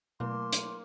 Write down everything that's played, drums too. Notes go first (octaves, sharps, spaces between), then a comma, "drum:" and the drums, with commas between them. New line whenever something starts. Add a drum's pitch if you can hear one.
B2 F#3 A3 A#3 E4 C6
drum: hi-hat